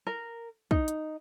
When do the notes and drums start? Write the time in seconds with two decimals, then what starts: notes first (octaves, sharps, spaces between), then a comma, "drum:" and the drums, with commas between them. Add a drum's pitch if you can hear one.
0.07 A#4
0.71 D#4, drum: kick
0.88 drum: hi-hat